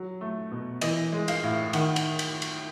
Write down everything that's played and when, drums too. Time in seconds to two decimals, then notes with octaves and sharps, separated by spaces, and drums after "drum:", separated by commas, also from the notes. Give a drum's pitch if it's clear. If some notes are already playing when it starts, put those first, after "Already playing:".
Already playing: F#3
0.21 A3
0.51 B2
0.81 E3 D#5, drum: cymbal
1.12 G#3
1.28 F5, drum: cymbal
1.43 A2
1.73 D#3 F#5, drum: cymbal
1.96 drum: cymbal
2.19 drum: cymbal
2.42 drum: cymbal